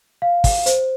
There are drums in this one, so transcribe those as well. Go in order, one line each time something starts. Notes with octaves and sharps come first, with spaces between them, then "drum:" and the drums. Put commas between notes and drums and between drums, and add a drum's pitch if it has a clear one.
F5
drum: kick, open hi-hat
C5, drum: hi-hat